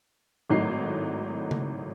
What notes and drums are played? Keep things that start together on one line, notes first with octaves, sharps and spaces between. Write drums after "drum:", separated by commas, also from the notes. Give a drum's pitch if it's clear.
G#1 A2 F#3 D#4 E4 C7
drum: tom C#3